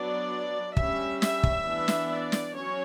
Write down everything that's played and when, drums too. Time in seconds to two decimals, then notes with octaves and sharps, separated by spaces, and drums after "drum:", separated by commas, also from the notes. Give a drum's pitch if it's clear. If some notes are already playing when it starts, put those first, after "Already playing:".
Already playing: F#3 B3 D4 D5
0.77 G3 C#4 E5, drum: kick
1.22 E5, drum: snare
1.43 drum: kick
1.66 E3 B3 D4
1.88 drum: snare
2.09 D5
2.32 drum: snare
2.54 F#3 C#4 C#5